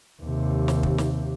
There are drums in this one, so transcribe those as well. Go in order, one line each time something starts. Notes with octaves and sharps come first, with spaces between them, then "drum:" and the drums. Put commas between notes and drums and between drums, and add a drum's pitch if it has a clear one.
D#2 C3
drum: snare
drum: kick
drum: snare